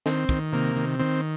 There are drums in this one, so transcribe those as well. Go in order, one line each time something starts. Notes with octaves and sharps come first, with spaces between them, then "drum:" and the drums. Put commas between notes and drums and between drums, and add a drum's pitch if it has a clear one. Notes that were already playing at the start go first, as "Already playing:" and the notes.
D#3 C4, drum: snare
D#3, drum: kick
C3 A#3
D#3
D#3 C4